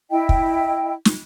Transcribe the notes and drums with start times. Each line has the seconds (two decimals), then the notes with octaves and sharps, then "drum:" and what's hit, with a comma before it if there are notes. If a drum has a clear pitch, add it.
0.10 E4 D#5 G5
0.29 drum: kick
1.05 drum: snare